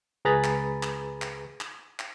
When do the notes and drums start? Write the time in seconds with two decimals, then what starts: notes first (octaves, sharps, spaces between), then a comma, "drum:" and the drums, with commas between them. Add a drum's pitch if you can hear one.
0.25 C#2 G#4 B4 A#5 B5 A6
0.44 drum: clap
0.83 drum: clap
1.22 drum: clap
1.61 drum: clap
2.00 drum: clap